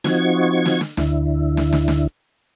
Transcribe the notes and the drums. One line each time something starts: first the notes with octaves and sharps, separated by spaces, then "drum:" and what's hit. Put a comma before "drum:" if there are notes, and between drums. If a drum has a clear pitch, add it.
F3 C4 D#4 F#4 C#6 G#6, drum: snare
drum: snare
drum: snare
D2 D3 E4, drum: snare
drum: snare
drum: snare
drum: snare